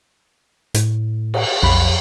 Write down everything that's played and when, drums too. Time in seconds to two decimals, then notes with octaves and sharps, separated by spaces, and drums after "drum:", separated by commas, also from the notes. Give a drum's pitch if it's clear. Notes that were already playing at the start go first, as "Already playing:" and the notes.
0.74 A2, drum: hi-hat
1.34 drum: cymbal
1.63 B1 F2 B5